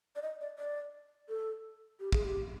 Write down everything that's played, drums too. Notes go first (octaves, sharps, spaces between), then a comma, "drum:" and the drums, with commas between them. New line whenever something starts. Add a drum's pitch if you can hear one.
D5
D#5
D5
D5
A4
G4
G#4, drum: kick
G4